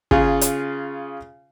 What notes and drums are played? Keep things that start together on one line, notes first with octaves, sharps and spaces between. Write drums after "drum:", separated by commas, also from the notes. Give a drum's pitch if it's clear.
C#3 F4 G#4, drum: kick
drum: hi-hat